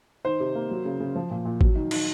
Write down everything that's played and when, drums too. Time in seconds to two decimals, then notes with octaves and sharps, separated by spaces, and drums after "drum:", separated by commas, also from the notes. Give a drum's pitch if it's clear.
0.25 D#3 C5
0.40 C3
0.55 A#3
0.71 F#3
0.85 C#3
1.00 C#3
1.15 F3
1.30 A#2
1.45 A#2
1.61 F#3, drum: kick
1.75 D#3
1.91 D#3, drum: cymbal